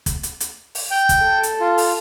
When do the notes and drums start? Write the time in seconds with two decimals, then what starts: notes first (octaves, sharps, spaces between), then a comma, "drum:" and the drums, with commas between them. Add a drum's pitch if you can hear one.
0.06 drum: kick, hi-hat
0.23 drum: hi-hat
0.40 drum: hi-hat
0.75 drum: open hi-hat
0.91 G5
1.09 drum: kick, hi-hat
1.20 A4
1.43 drum: hi-hat
1.60 F4
1.78 drum: open hi-hat